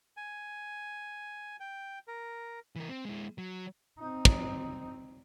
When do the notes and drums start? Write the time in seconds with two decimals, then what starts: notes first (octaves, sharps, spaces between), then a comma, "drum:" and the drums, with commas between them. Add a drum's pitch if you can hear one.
0.17 G#5
1.60 G5
2.08 A#4
2.76 E3 A#4
2.89 C4
3.05 G#3 E4
3.38 F#3
3.99 C4 D#4
4.25 drum: kick